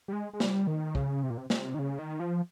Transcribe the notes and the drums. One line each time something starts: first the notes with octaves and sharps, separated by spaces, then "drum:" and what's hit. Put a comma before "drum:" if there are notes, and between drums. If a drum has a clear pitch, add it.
G3
G#3
G#3
G3, drum: snare
D#3
C#3, drum: kick
C3
A#2
C3
C3, drum: snare
D#3
C#3
D#3
F3